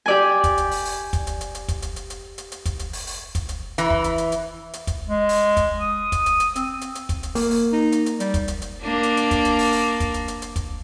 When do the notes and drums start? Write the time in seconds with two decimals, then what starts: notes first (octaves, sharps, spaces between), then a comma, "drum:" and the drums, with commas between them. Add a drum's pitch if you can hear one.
0.06 G4 D5 G#5
0.44 drum: kick, hi-hat
0.58 drum: hi-hat
0.71 drum: open hi-hat
0.85 drum: open hi-hat
1.13 drum: kick, hi-hat
1.27 drum: hi-hat
1.41 drum: hi-hat
1.55 drum: hi-hat
1.68 drum: kick, hi-hat
1.82 drum: hi-hat
1.96 drum: hi-hat
2.10 drum: hi-hat
2.38 drum: hi-hat
2.52 drum: hi-hat
2.65 drum: kick, hi-hat
2.79 drum: hi-hat
2.93 drum: open hi-hat
3.07 drum: open hi-hat
3.35 drum: kick, hi-hat
3.49 drum: hi-hat
3.78 E3, drum: hi-hat
3.90 drum: kick
4.04 drum: hi-hat
4.18 drum: hi-hat
4.32 drum: hi-hat
4.73 drum: hi-hat
4.87 drum: kick, hi-hat
5.08 G#3
5.29 drum: open hi-hat
5.57 drum: kick, hi-hat
5.79 D#6
6.12 drum: kick, hi-hat
6.26 drum: hi-hat
6.40 drum: hi-hat
6.56 C4, drum: hi-hat
6.81 drum: hi-hat
6.95 drum: hi-hat
7.09 drum: kick, hi-hat
7.23 drum: hi-hat
7.35 A#3, drum: open hi-hat
7.51 drum: open hi-hat
7.73 D#4
7.92 drum: hi-hat
8.06 drum: hi-hat
8.20 G3, drum: hi-hat
8.34 drum: kick, hi-hat
8.48 drum: hi-hat
8.62 drum: hi-hat
8.83 A#3 D4
9.03 drum: hi-hat
9.17 drum: hi-hat
9.31 drum: kick, hi-hat
9.45 drum: hi-hat
9.59 drum: open hi-hat
9.73 drum: open hi-hat
10.00 drum: kick, hi-hat
10.14 drum: hi-hat
10.28 drum: hi-hat
10.42 drum: hi-hat
10.56 drum: kick, hi-hat